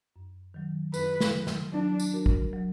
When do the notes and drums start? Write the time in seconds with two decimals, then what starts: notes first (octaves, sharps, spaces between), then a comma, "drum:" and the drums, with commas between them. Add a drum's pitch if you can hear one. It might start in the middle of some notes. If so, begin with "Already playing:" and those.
0.16 F#2
0.54 D#3 F#3
0.94 F#2 B4, drum: tambourine
1.21 drum: snare
1.34 D#3 F#3
1.47 drum: snare
1.73 F#3 D4
2.00 drum: tambourine
2.13 D4 F#4 A#4
2.26 drum: kick
2.53 F#3